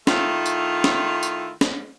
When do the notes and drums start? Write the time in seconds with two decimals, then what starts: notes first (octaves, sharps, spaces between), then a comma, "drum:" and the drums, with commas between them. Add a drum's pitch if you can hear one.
0.07 D#3 A3 E4 F4, drum: snare
0.46 drum: tambourine
0.84 drum: snare
1.23 drum: tambourine
1.61 drum: snare